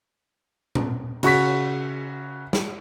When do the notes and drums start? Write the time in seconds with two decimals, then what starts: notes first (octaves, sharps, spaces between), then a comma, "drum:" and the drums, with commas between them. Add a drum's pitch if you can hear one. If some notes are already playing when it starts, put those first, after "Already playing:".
0.75 drum: tom A#2
1.23 C#3 F#4 C#6 B6, drum: cymbal
2.53 drum: snare